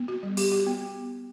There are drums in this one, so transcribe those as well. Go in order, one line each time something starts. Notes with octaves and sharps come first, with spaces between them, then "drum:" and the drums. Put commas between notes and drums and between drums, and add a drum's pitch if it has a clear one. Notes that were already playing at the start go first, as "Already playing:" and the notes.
Already playing: B3
F#4
G3
G4, drum: open hi-hat
G4
B3